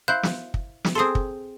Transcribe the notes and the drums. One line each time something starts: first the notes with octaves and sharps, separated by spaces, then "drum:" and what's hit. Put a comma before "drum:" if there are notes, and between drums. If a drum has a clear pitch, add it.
E4 C5 F5 F#6 G6
drum: snare
drum: kick
drum: snare
C4 G#4 A4 C6 D#6
drum: kick